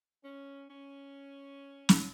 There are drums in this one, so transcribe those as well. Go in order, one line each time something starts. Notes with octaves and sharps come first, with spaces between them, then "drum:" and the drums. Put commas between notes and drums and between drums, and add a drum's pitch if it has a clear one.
C#4
C#4
drum: snare